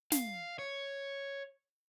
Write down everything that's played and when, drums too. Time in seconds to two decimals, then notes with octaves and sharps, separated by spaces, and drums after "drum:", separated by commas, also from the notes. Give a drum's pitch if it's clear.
0.12 F5, drum: snare
0.59 C#5